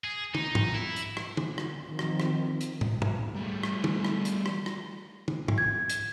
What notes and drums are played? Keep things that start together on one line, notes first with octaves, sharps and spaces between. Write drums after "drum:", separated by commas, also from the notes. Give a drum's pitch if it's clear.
G#4
D#4, drum: tom
drum: tom
E4
drum: hi-hat
drum: rim click
drum: tom
drum: rim click
D#3 F3 C4
drum: rim click
drum: rim click
drum: hi-hat
drum: tom
drum: tom
G3 A3
drum: rim click
drum: tom
drum: rim click
drum: hi-hat
drum: rim click
drum: rim click
drum: tom
drum: tom
G#6
drum: hi-hat